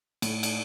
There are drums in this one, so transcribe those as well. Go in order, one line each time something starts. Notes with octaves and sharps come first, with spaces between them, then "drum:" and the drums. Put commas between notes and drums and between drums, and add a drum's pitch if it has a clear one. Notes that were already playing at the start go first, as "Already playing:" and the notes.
A2, drum: cymbal
drum: cymbal